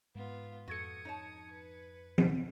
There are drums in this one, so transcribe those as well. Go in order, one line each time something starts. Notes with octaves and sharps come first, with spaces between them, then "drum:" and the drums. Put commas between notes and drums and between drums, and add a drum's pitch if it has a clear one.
G#2 B3 F4
F2 F#4 A4 D#6 G#6 C#7
D#4 C#5 A5
B4
drum: tom F3